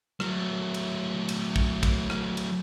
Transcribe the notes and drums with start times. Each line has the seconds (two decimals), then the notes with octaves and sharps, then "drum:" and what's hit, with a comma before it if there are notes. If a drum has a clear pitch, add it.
0.20 F#3 A3, drum: rim click
0.74 drum: cymbal
1.29 drum: cymbal
1.56 drum: kick
1.83 drum: kick, cymbal
2.10 drum: rim click
2.37 drum: cymbal